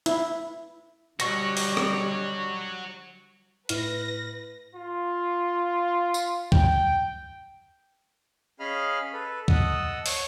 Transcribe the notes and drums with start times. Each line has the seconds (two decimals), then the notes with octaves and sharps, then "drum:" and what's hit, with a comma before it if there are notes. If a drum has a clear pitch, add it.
0.06 E4, drum: hi-hat
1.20 B2 D3 G3 F#4 C#5 C#6 A#6, drum: hi-hat
1.57 drum: open hi-hat
1.77 drum: rim click
3.69 A2 E4 B4 F6 A#6, drum: hi-hat
4.75 F4
6.14 drum: tambourine
6.52 G5, drum: kick
8.60 C#4 G#4 D#5 F5 B5 F6
9.13 A4 B4
9.48 D#5 F#5 A5 D#6 E6, drum: kick
10.06 C#5, drum: open hi-hat